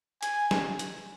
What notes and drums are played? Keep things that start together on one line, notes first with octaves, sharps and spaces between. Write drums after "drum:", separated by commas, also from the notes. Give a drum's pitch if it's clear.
G#5, drum: hi-hat
drum: snare
drum: hi-hat